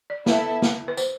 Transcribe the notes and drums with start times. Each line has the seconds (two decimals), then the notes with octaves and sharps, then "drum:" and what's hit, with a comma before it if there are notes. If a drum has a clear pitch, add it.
0.10 D5
0.26 B3 E4 A4 E5, drum: snare
0.62 drum: snare
0.88 B4
0.97 C5, drum: tambourine